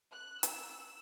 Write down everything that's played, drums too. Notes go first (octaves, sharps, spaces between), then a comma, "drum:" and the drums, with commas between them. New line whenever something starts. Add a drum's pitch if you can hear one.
F#6
E6, drum: hi-hat